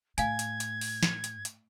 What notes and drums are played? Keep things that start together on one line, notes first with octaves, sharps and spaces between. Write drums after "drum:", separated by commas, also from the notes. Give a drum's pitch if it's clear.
A2 F5 G#5 G#6, drum: hi-hat
drum: hi-hat
drum: hi-hat
drum: open hi-hat
drum: snare
drum: hi-hat
drum: hi-hat